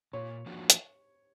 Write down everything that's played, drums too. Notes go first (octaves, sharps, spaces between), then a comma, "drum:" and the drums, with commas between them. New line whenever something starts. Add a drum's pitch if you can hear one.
A#2 C#5
F3 A#3 D4 F#4
drum: hi-hat